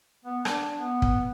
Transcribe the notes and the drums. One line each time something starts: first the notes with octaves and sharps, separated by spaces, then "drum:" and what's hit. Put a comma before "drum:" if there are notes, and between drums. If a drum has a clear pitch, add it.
B3
D4, drum: rim click
B3
drum: kick